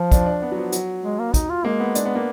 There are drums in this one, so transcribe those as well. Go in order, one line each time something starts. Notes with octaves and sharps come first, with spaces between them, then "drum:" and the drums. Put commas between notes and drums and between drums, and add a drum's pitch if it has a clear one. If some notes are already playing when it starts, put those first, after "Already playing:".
Already playing: F3
D4, drum: kick, hi-hat
D4
B3
F#3
F3
F#3, drum: hi-hat
G#3
A#3
D#4, drum: kick, hi-hat
F4
G#3 A#3
B3
D4, drum: hi-hat
B3
A#3